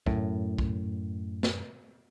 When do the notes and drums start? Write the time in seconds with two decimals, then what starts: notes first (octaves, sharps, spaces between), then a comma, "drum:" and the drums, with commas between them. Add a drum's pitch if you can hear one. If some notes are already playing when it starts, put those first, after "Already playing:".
0.06 F#2 A2, drum: kick
0.59 drum: kick
1.43 drum: snare